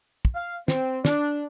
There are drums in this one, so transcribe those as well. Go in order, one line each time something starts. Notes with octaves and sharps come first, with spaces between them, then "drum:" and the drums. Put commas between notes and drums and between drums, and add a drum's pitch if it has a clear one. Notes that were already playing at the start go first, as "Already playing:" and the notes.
drum: kick
F5
C4, drum: snare
D4, drum: snare